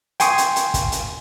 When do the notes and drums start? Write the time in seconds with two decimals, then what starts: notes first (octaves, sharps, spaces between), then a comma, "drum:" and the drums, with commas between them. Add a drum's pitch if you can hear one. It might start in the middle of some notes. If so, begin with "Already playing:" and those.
0.20 G5 G#5 C6 C#6 D#6, drum: hi-hat
0.38 drum: hi-hat
0.56 drum: hi-hat
0.74 drum: kick, hi-hat
0.92 drum: hi-hat